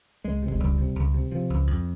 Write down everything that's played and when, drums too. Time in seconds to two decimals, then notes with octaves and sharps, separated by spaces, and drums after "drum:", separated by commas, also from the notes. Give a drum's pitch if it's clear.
0.24 C#2 G#3
0.42 C3
0.48 G#3, drum: kick E1
0.60 C#2 G3
0.78 C3
0.96 C#2
1.14 C3
1.31 C3 F3
1.50 C#2
1.67 F2